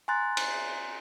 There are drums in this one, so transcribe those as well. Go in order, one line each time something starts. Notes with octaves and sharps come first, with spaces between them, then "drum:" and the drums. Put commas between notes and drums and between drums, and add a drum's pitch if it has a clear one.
G#5 A#5 C6 F#6 A6
drum: cymbal